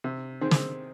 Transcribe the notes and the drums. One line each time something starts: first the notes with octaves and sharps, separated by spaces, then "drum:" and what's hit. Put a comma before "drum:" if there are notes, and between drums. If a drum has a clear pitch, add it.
C3
D#3 C4 G#4
drum: snare